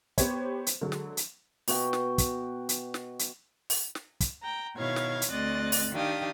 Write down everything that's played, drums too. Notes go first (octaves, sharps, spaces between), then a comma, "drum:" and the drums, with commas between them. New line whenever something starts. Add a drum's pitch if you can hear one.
B3 G4 C5 C#5, drum: kick, hi-hat
drum: hi-hat
D3 F#3 G#3
drum: snare
drum: hi-hat
B2 F#4 G5, drum: open hi-hat
drum: snare
drum: kick, hi-hat
drum: hi-hat
drum: snare
drum: hi-hat
drum: open hi-hat
drum: snare
drum: kick, hi-hat
G5 A#5
B2 D#3 E4 C#5 F5 G#6
drum: snare
drum: hi-hat
D2 C4 D5 D#5 F#6 A6
drum: open hi-hat
D#3 D4 G4 F5 G5 D#6